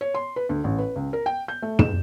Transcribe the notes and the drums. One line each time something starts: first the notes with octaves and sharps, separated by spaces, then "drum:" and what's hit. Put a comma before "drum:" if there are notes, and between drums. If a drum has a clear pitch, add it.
C#5
C6
B4
D2
A1
B4
C#2
A#4
G5
G6
A3
E7, drum: tom